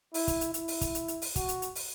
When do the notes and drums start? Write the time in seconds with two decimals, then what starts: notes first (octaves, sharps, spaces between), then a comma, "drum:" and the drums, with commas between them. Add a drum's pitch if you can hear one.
0.14 E4, drum: open hi-hat
0.28 drum: kick, hi-hat
0.41 drum: hi-hat
0.54 E4, drum: hi-hat
0.68 drum: open hi-hat
0.81 drum: kick, hi-hat
0.95 drum: hi-hat
1.08 drum: hi-hat
1.22 drum: open hi-hat
1.36 F#4, drum: kick, hi-hat
1.49 drum: hi-hat
1.62 drum: hi-hat
1.75 drum: open hi-hat